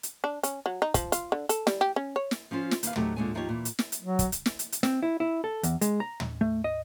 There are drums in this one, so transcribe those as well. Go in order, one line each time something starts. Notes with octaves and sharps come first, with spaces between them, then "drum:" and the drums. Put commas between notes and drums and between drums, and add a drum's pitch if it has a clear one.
drum: hi-hat
D4
C#4, drum: hi-hat
F#3
D#4
F3, drum: kick, hi-hat
F4, drum: hi-hat
D3
A4, drum: hi-hat
G3, drum: snare
G4
C#4
C#5
drum: snare
F3 C#4 F4 C5
drum: snare
D#2 B4 F5, drum: hi-hat
F#3 A3 C4 D#4 F#4 G4, drum: tom
A#2 D3 G#3 C#5 G#5
D#2 F3 D#4 G4 A#4 C#5
A#2 E3
drum: hi-hat
drum: snare
drum: hi-hat
F#3
drum: kick, hi-hat
drum: hi-hat
drum: snare
drum: hi-hat
drum: hi-hat
C4, drum: snare
E4
E4
A4
E2, drum: hi-hat
G#3, drum: hi-hat
A#5
drum: tom
A3
D#5